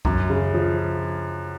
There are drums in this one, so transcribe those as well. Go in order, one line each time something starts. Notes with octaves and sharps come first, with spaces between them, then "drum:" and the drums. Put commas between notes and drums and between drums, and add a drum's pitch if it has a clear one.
F#2, drum: kick C2
C#3
F3